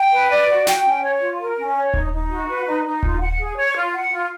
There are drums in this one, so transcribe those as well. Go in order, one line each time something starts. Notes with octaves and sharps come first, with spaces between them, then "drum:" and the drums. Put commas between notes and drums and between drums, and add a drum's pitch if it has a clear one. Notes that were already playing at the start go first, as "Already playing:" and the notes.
Already playing: G5
B4
D5
F#4
G5, drum: snare
C#4
C#5
F4
A#4
C#4
C#5
D#4, drum: kick D#1
D#4
F#4
B4
D#4
D#4
F4, drum: kick D#1
F#5
G#4
C#5
F4
F#5
F4